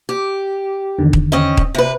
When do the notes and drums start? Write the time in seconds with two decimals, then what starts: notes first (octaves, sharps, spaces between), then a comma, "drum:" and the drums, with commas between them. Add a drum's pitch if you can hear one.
0.09 G4
0.98 E2 D3 D#3
1.13 drum: kick D#1
1.32 C4 C#4 D#5
1.57 drum: kick D#1
1.75 C3 B4